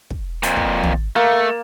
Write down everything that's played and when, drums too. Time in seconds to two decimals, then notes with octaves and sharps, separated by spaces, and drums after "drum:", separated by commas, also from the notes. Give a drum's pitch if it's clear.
0.10 drum: kick
0.43 F2 A#2, drum: hi-hat
0.57 drum: kick
0.83 drum: tom
1.16 A3 A#3